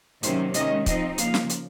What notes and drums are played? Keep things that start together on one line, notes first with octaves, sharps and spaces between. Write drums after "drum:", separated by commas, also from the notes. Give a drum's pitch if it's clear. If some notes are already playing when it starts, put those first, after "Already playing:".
C3 D#3 F#3 A#3 C#4 C5, drum: hi-hat
D#3 G#3 C#4 D#5, drum: hi-hat
F3 C4 D#4 D#5, drum: kick, hi-hat
C#3 F3 A#3 F5, drum: hi-hat
drum: snare
drum: hi-hat